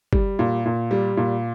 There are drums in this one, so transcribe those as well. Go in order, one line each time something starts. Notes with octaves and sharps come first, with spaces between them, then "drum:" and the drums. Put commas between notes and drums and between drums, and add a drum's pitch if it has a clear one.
G3, drum: kick
A#2
A#2
G3
A#2